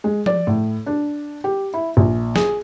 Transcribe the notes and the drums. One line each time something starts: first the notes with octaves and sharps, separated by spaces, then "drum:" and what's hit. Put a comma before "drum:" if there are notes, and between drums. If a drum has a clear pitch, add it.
G#3
D5, drum: tom F3
A2
D4
G4
E4
A#1
G#4, drum: snare